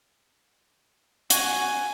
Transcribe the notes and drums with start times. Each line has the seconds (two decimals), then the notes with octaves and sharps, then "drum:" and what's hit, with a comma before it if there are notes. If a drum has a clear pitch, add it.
1.30 F#4 G#5, drum: hi-hat